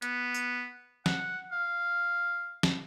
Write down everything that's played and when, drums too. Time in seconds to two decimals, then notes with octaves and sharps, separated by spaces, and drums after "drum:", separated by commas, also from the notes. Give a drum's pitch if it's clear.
0.02 B3, drum: hi-hat
0.34 drum: tambourine
1.06 F#5, drum: snare
1.52 F5
2.63 drum: snare